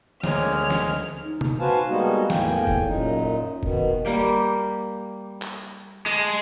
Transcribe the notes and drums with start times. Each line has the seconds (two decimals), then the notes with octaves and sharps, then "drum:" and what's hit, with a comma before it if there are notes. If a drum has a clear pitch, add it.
0.23 D2 G#3 A#3 C#5 D#6 F6, drum: snare
0.70 drum: snare
1.24 D#4
1.41 drum: tom C3
1.59 F#4 B4 C5 F5 G#5 A5
1.89 G3 G#3 A#3 B3 D#4 F#4
2.30 E2 A2 A#3 G5 G#5, drum: snare
2.67 drum: kick F1
2.87 F#2 A#2 D#4
3.63 B2 D#3, drum: kick F1
4.05 G3 A#3 G4
5.42 drum: clap
6.06 G#3 A5